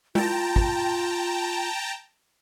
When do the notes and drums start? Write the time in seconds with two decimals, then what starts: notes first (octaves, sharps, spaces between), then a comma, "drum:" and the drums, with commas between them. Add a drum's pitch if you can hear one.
0.15 F4 G5 A5 A#5, drum: tom G#3
0.56 drum: kick